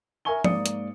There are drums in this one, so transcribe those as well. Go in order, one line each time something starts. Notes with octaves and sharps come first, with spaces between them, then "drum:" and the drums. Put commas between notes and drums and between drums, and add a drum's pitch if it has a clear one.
A#4 E5 G#5 C#6 G7
G#2 A#3 D5 D#6 C#7, drum: tom F3
drum: hi-hat